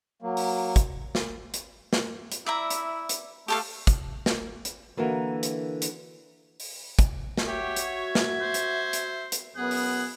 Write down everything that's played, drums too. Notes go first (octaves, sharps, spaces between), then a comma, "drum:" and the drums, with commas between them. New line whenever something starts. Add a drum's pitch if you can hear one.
F#3 A#3
drum: open hi-hat
drum: kick, hi-hat
drum: snare
drum: hi-hat
drum: snare
drum: hi-hat
E4 D5 E5 A#5
drum: hi-hat
drum: hi-hat
A3 G4 A4 F5, drum: open hi-hat
drum: kick, hi-hat
drum: snare
drum: hi-hat
D3 E3 A#3 F#4 A#4
drum: hi-hat
drum: hi-hat
drum: open hi-hat
drum: kick, hi-hat
drum: snare
F#4 G4 C#5 E5
drum: hi-hat
G#6
drum: snare
C5
drum: hi-hat
drum: hi-hat
drum: hi-hat
F#2 B3 G#4 F#6
drum: open hi-hat